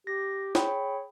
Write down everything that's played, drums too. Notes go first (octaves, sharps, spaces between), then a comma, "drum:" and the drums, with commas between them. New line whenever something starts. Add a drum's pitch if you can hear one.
G4 A#6
G#4 C#5 G5 B5, drum: snare